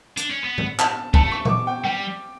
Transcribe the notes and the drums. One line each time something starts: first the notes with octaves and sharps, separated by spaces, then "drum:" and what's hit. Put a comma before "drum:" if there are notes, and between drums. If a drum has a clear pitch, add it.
D4, drum: hi-hat
C#4
B3
drum: tom G2
A5, drum: clap
A3 A5, drum: kick
C#6
C#6, drum: tom A#2
D6
G5
G3 G5